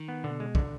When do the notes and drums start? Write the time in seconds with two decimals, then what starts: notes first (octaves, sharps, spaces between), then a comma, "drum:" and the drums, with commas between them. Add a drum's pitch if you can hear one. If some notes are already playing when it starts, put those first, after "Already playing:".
Already playing: D#3
0.08 B3
0.24 B2 D3
0.40 G#3
0.55 D3, drum: kick